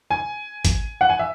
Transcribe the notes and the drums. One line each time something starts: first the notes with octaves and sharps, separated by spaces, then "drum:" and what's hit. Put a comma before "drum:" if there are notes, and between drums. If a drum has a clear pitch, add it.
G#5
drum: kick, hi-hat
F#5
G#5
E5